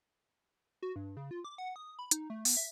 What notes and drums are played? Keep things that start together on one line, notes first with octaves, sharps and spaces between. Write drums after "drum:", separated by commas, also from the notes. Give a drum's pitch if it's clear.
F#4
G2
C#3
F4
D6
F#5
D#6
B5
D#4, drum: hi-hat
A3
B3, drum: open hi-hat
E5